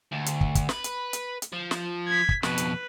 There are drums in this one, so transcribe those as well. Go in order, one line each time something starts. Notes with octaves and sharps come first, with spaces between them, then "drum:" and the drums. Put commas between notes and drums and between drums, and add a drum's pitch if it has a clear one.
D2
drum: hi-hat
drum: kick
drum: kick, hi-hat
B4 B5, drum: snare
drum: hi-hat
drum: hi-hat
drum: hi-hat
F3
drum: snare
G#6 B6
drum: kick
F2 B2 B4, drum: snare
drum: hi-hat